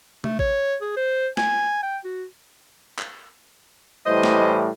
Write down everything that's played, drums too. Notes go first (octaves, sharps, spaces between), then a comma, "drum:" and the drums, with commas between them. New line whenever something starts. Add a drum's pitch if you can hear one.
A3, drum: tom C3
C#5, drum: kick A1
G#4
C5
G#5, drum: snare
G5
F#4
drum: clap
A2 E3 G3 C5 D#5
drum: snare